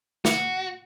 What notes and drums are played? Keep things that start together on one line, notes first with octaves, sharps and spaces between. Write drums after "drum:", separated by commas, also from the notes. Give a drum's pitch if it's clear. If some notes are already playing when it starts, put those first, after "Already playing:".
F#4, drum: snare